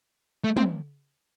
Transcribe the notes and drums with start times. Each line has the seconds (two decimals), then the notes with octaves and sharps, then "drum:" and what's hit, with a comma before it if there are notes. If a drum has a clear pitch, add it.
0.44 A3
0.57 C4, drum: tom